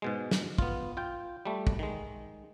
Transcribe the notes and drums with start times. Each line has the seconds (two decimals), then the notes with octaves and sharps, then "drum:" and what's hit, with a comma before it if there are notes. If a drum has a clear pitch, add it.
0.02 G#2 B2 G#3
0.31 drum: snare
0.58 B3 F4, drum: kick
0.97 F4 G5
1.46 G3 A3
1.67 drum: kick
1.79 D#3 G#3